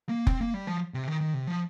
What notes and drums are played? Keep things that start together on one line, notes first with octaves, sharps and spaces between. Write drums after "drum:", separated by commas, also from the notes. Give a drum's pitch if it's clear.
A#3
C4, drum: kick F1
A#3
G3
F3
C3
D#3
D#3
C3
F3